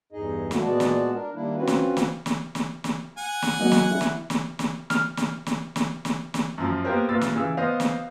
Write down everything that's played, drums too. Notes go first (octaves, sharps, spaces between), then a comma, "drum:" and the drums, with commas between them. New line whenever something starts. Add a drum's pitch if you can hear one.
E2 G2 D#4 G#4 D#5
D3 F#3 A3 A#3 F4 F#4, drum: snare
A#2 G#3 B3 F#4 D5 A5
drum: snare
D4 A#4
D#3 G3 A#3 D4 E4
C4 C#4 F4 F#4 B4
drum: snare
drum: snare
drum: snare
drum: snare
drum: snare
F#5 G#5
drum: snare
F#3 A#3 D#5
drum: snare
E4
drum: snare
drum: snare
drum: snare
F6, drum: snare
drum: snare
drum: snare
drum: snare
drum: snare
drum: snare
F#2 F3
A#3 B3 G4 A#4 C5
C2 A#2 F4 B4 E6 A6
drum: snare
C#3 E3 E6
B3 C5 D#5 F5
drum: snare